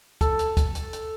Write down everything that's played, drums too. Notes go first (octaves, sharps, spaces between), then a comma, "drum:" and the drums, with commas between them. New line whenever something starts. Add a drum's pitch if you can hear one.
A4, drum: kick, hi-hat
drum: hi-hat
drum: kick, hi-hat
drum: hi-hat
drum: hi-hat